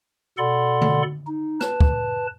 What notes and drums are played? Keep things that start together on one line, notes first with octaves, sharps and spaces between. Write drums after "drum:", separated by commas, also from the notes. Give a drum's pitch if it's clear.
B2 A4 D5 F#5 B5 C6
drum: tom D3
D#4
B4 A5, drum: rim click
drum: kick